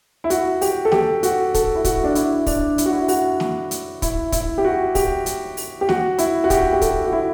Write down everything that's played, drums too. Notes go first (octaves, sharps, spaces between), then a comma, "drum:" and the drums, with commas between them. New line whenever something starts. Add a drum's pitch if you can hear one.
E4
F#4, drum: hi-hat
G4, drum: open hi-hat
A4
G4, drum: snare
F#4, drum: hi-hat
A4, drum: kick, hi-hat
E4
F#4, drum: kick, hi-hat
D4
E4, drum: hi-hat
D4, drum: kick, open hi-hat
E4, drum: hi-hat
F#4
E4
F#4, drum: open hi-hat
drum: snare
drum: hi-hat
E4, drum: kick, hi-hat
E4, drum: kick, hi-hat
G4
F#4
G4, drum: kick, open hi-hat
drum: hi-hat
drum: open hi-hat
G4
F#4, drum: snare
E4, drum: hi-hat
F#4
G4, drum: kick, hi-hat
G4
A4, drum: kick, hi-hat
F#4
E4